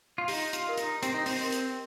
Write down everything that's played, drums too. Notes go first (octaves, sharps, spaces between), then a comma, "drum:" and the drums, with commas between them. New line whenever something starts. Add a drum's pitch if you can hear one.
F4
D#4 G4, drum: open hi-hat
F4, drum: hi-hat
A#4 D#5 C6
D#4, drum: hi-hat
C4 G4, drum: hi-hat
D#4
C4, drum: open hi-hat
C4 A#4 D#5 C6
drum: hi-hat